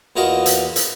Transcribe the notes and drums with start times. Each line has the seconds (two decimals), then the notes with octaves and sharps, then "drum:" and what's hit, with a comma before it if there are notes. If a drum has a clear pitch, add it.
0.16 E2 A#3 F4 F#4 D#5 C#6
0.46 drum: hi-hat
0.76 drum: hi-hat